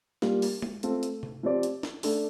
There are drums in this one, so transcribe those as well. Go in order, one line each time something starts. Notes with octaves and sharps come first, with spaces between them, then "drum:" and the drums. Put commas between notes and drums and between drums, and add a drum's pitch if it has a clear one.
G3 A#3 F4, drum: snare
drum: open hi-hat
drum: tom G#3
A3 C4 F4 A4, drum: hi-hat
drum: hi-hat
drum: tom C3
F3 C4 G4 D5
drum: hi-hat
drum: snare
A3 D4 A4, drum: open hi-hat